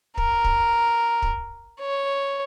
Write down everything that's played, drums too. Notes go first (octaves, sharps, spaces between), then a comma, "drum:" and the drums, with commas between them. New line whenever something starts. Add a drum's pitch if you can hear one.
A#4, drum: kick
drum: kick
drum: kick
C#5